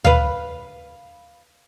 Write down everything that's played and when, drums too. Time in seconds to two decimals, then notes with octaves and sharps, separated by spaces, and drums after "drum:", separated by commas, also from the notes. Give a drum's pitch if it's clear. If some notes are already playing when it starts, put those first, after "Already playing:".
0.05 B4 F5, drum: tom D2